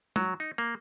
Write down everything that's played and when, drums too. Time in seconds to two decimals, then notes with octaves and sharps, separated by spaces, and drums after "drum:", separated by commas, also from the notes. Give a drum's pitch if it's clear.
0.16 F#3, drum: tom
0.40 D#4
0.58 A#3